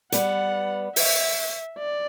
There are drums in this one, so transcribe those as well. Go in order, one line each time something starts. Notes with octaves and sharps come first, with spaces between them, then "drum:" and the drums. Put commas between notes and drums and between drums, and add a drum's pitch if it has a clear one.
G3 B3 F#5, drum: hi-hat
E5, drum: open hi-hat
D5